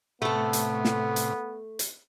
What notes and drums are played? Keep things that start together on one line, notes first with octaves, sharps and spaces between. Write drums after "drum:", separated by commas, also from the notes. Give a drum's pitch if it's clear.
A2 C3 A3 B3 A4
drum: hi-hat
drum: snare
drum: hi-hat
drum: hi-hat